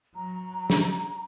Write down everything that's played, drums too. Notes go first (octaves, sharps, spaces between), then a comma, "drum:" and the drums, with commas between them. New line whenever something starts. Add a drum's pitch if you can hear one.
F#3 A#5
drum: snare